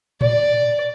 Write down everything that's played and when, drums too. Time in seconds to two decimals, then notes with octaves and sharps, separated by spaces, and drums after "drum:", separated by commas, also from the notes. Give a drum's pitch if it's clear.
0.21 D5, drum: tom A2